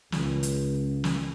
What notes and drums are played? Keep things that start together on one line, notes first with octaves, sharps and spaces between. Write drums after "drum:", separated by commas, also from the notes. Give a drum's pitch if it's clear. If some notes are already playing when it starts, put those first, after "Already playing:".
C#2, drum: snare
drum: hi-hat
drum: snare